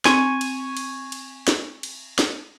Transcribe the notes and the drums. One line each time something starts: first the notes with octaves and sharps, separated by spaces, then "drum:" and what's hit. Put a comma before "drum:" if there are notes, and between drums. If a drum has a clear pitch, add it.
C4 G#5 C#6, drum: snare
drum: cymbal
drum: cymbal
drum: cymbal
drum: snare
drum: cymbal
drum: snare